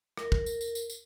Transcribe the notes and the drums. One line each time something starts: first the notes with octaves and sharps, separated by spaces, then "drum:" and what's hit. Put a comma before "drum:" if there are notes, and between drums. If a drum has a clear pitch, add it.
A#4, drum: rim click
drum: kick
drum: tambourine
drum: tambourine
drum: tambourine
drum: tambourine